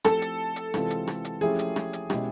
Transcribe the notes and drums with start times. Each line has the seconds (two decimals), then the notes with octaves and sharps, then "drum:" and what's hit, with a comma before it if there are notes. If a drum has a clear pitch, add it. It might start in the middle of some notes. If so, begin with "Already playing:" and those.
0.05 F3 A3 C4 E4 G4 A4, drum: rim click
0.22 drum: hi-hat
0.56 drum: hi-hat
0.74 C3 E3 G#3 C4 F4, drum: rim click
0.90 drum: hi-hat
1.07 drum: rim click
1.25 drum: hi-hat
1.41 F3 A3 C#4 E4 G4 G#4
1.59 drum: hi-hat
1.76 drum: rim click
1.93 drum: hi-hat
2.10 B2 G#3 C#4 E4 G4, drum: rim click